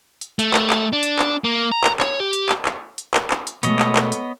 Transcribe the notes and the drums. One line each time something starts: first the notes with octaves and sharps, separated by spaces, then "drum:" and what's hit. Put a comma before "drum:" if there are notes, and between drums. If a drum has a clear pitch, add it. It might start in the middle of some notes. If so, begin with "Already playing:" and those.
drum: hi-hat
A3, drum: hi-hat
drum: clap
drum: clap
D4
drum: hi-hat
drum: clap
A#3
A#5
drum: clap
C#5, drum: clap
G4
drum: hi-hat
drum: clap
drum: clap
drum: hi-hat
drum: clap
drum: clap
drum: hi-hat
B2 G#3 A3 B3 C#5 D#5, drum: hi-hat
drum: clap
drum: clap
drum: hi-hat